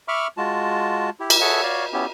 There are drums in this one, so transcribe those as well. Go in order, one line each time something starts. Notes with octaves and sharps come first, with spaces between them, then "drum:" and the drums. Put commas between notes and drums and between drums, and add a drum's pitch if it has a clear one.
E5 B5 C#6 D6 F6
G#3 F4 F#4 A5
E4 G4
drum: cymbal
G#4 A4 C#5 E5 F#5
F#4 C#5 D5 F5
B3 C#4 E4 G4